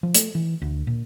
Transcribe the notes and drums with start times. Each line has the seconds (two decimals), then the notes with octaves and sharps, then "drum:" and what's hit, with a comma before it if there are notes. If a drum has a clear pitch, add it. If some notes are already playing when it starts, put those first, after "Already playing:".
0.03 F3
0.15 A3, drum: hi-hat
0.35 E3
0.62 D2
0.87 A#2